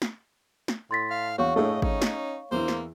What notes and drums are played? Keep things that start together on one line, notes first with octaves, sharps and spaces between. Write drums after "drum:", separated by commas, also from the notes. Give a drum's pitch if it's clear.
drum: snare
drum: snare
A2 C6 A6 B6
F5
E2 F#4 C#5 F5 C#6
A2 A3 G#4 D#5
C#4 D#4, drum: kick G#1
drum: snare
E2 E3 A#3 C5
drum: snare